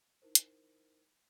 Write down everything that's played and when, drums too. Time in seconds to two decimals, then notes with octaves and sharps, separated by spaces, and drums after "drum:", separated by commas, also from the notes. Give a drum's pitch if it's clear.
0.22 D#4 E4 A#4 C5
0.35 drum: hi-hat